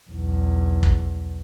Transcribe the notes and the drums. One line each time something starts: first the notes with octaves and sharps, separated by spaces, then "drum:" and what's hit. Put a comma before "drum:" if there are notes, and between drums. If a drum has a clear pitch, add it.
B1 E2
drum: kick